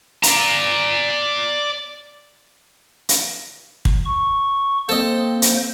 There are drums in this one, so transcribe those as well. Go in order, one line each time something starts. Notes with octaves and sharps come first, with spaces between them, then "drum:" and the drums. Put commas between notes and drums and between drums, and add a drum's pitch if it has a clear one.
D5 A#5, drum: hi-hat
drum: hi-hat
drum: kick
C#6
A#3 C4 A4 C5 D#5
drum: hi-hat